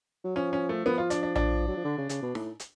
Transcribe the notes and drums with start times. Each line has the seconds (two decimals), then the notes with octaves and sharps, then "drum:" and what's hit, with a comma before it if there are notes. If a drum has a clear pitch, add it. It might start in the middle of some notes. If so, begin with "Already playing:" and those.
0.24 F#3
0.36 F3 C#4
0.53 C#4
0.69 A3
0.85 F3 B3
0.98 F4
1.10 D4, drum: hi-hat
1.23 D4
1.35 D4, drum: tom A#1
1.68 F#3
1.77 F3
1.85 D3
1.98 C#3
2.09 C#3, drum: hi-hat
2.23 B2
2.35 A2, drum: snare D#4
2.60 drum: hi-hat